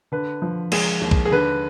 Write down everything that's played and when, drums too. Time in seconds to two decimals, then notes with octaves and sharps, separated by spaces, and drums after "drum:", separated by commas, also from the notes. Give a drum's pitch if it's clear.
0.12 D3 B4
0.42 F3
0.72 G#3 G#4, drum: cymbal
1.01 D#2
1.11 drum: kick B1
1.25 G#4
1.31 D3 B4